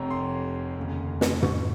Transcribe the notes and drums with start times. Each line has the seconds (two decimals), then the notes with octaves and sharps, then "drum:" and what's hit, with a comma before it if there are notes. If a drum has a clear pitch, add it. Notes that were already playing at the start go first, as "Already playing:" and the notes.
Already playing: F1 F2 C3 C#5 A#5
0.11 C6
0.76 F1 D#2 C#3
1.21 drum: snare
1.43 C#6, drum: tom